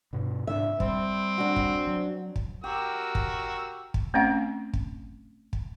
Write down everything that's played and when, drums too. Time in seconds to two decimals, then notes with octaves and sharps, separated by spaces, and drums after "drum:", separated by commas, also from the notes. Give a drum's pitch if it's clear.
0.13 G2 B2
0.47 G#2 C#3 D4 E5
0.80 G3 C4, drum: kick
1.38 D4 F#4
1.56 drum: kick
1.87 F#3
2.36 drum: kick
2.64 F#4 G4 A#4 E6
3.15 drum: kick
3.94 drum: kick
4.14 A3 C4 C#4 F5
4.73 drum: kick
5.53 drum: kick